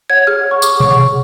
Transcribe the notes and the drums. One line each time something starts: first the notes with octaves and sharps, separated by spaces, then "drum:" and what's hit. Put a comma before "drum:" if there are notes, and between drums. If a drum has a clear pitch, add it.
C#5 F#5 G#6
G#4 F6
C#5 F#5
C#6
G#4 D6, drum: tambourine
C#5 F#5 C#6, drum: tom B2
G#4